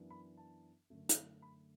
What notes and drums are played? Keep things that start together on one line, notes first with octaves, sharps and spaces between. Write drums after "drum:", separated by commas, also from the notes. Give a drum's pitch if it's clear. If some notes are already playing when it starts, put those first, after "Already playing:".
Already playing: F#2 E3 B3 D4
B5
A5
F#2 D3 A3
drum: hi-hat
B5